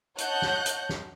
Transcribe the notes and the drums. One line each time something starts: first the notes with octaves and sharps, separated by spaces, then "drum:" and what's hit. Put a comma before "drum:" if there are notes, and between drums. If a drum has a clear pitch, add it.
C#5 D#5 F#5 A5 F#6 G6, drum: hi-hat
drum: snare
drum: hi-hat
drum: snare